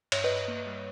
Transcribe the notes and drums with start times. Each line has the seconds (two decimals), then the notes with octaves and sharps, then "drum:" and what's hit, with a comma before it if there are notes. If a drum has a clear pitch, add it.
0.12 G2 C#5 E5, drum: cymbal
0.24 B4 D#5
0.31 G2
0.36 B4 D#5
0.48 A#3
0.66 G3